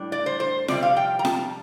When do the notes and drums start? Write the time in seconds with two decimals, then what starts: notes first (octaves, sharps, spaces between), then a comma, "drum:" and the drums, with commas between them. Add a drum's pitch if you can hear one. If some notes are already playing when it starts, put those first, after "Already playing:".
Already playing: A2 G3 D4
0.12 D5
0.26 C5
0.40 C5
0.68 F2 C3 G3 D5, drum: snare F4
0.83 F5
0.97 G5
1.19 A#5
1.25 A5, drum: snare F4